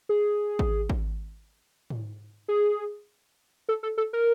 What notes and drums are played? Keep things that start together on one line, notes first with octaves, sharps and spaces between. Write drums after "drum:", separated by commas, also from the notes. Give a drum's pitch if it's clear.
G#4
drum: kick G#1
drum: kick G#1
drum: tom G#2
G#4
A4
A4
A4
A#4